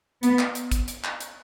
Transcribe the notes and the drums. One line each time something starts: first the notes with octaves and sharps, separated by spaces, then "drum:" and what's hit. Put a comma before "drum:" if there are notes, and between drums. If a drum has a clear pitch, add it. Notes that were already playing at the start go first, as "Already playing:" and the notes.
B3, drum: hi-hat
drum: clap
drum: hi-hat
drum: kick, hi-hat
drum: hi-hat
drum: clap
drum: hi-hat